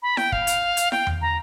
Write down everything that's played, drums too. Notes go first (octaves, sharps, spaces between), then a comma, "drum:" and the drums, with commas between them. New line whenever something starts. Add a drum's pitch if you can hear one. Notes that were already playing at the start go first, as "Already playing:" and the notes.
B5
G5, drum: snare E4
F5, drum: kick
drum: hi-hat
drum: hi-hat
G5, drum: snare E4
drum: tom E2
A#5